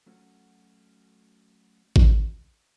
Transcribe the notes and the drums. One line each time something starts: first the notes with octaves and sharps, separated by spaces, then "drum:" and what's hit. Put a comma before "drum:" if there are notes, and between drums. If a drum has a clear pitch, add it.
F#3 A3 C#4 F#4
drum: kick G#1